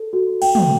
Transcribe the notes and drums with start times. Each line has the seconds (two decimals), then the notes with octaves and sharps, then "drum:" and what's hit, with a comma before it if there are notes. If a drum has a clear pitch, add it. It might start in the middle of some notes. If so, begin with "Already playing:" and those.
Already playing: A4
0.13 F#4
0.42 G5, drum: cymbal
0.55 drum: tom